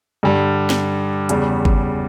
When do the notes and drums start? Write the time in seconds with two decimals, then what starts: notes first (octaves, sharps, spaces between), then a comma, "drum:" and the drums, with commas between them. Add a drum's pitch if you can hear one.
0.23 G2 D3 G3
0.70 drum: snare
1.29 E2 C#3 G3, drum: hi-hat
1.65 drum: kick G1